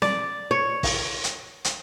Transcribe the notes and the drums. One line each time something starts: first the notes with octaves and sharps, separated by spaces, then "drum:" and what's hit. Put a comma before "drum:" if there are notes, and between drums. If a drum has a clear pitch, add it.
D5, drum: snare
C#5
drum: kick, open hi-hat
drum: hi-hat
drum: hi-hat